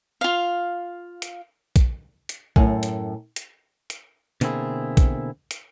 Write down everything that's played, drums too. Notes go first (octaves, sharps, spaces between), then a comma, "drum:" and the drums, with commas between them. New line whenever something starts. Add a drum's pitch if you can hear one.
F4 F5
drum: hi-hat
drum: kick, hi-hat
drum: hi-hat
F#2 A2, drum: kick
drum: hi-hat
drum: hi-hat
drum: hi-hat
B2 D3 A#3 C4 E4 G#4, drum: hi-hat
drum: kick, hi-hat
drum: hi-hat